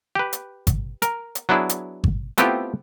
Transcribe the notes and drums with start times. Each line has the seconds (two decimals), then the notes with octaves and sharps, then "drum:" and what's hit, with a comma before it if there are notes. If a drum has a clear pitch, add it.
0.15 G4 B4
0.33 drum: hi-hat
0.67 drum: kick G#1, hi-hat
1.02 A#4, drum: hi-hat
1.35 drum: hi-hat
1.49 F#3 B3 D4 E4 G#4
1.69 drum: hi-hat
2.04 drum: kick G#1
2.38 A3 B3 C4 E4 F4 G4, drum: hi-hat